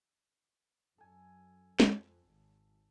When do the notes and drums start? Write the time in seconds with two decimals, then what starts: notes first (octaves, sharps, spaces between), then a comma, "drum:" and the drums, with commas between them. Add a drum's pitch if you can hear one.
0.98 F#2 A4 G#5
1.80 F2, drum: snare
2.31 G#1